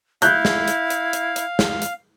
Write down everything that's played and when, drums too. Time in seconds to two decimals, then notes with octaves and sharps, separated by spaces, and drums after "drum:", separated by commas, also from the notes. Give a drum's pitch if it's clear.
0.22 E4 F5 F#6 G6, drum: hi-hat
0.45 drum: snare
0.68 drum: hi-hat
0.90 drum: hi-hat
1.13 drum: hi-hat
1.36 drum: hi-hat
1.59 drum: snare
1.82 drum: hi-hat